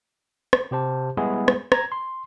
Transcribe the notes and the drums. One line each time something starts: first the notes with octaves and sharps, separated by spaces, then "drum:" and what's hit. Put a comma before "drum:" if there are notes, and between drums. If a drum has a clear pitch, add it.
drum: rim click
C3 G4 C5 A5
G3 G#3 B3 E4 G#4
drum: rim click
A#5 G#6, drum: rim click
C6